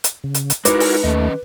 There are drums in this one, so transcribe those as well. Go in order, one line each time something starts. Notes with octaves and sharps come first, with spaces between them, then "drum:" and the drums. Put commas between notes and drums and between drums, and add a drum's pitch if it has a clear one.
drum: hi-hat
C#3
drum: hi-hat
drum: hi-hat
G#3 D#4 E4 F#4 A#4 B4 D6, drum: hi-hat
drum: open hi-hat
D#2 D#3 A3 C#4 D#5